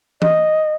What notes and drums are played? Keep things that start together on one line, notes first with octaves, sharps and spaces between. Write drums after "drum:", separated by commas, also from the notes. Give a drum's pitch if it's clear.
D#5, drum: tom E3